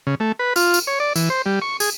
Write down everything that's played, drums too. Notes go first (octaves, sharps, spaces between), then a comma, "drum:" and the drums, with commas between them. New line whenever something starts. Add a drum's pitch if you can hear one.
C#3
A3
B4
F4, drum: tambourine
drum: tambourine
C#5
D5
E3, drum: tambourine
C5
G3
C#6
G#4, drum: tambourine